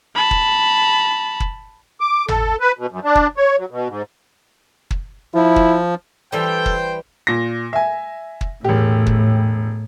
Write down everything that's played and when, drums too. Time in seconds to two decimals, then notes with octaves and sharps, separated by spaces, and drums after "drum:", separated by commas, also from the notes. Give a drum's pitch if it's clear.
0.15 A5 B5
0.31 drum: kick
1.40 drum: kick
2.01 D6
2.28 A4, drum: tom G#1
2.61 B4
2.78 B2
2.91 F#2
3.04 D4
3.15 drum: kick
3.37 C#5
3.59 F#3
3.71 B2
3.88 G#2
4.91 drum: kick
5.35 F3 E4
5.56 drum: kick
6.32 E3 G3 A4 C5 G5
6.66 drum: kick
7.27 A#2 A#6
7.73 E5 G#5
8.41 drum: kick
8.64 E1 A2 G4
9.06 drum: kick